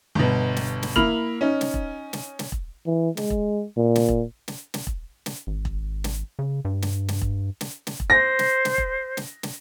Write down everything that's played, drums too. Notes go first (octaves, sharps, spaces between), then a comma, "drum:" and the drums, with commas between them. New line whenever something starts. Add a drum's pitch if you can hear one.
G1 B2
drum: snare
drum: snare
A#3 E4 B5 F6 F7 F#7, drum: kick E1
C#4 D#4
drum: snare
drum: kick E1
drum: snare
drum: snare
drum: kick E1
E3
G#3, drum: snare
drum: kick E1
A#2
drum: snare
drum: kick E1
drum: snare
drum: snare
drum: kick E1
drum: snare
G#1
drum: kick E1
drum: snare
C#3
G2
drum: snare
drum: snare
drum: kick E1
drum: snare
drum: snare
drum: kick E1
C5 A#6
drum: snare
drum: snare
drum: kick E1
drum: snare
drum: snare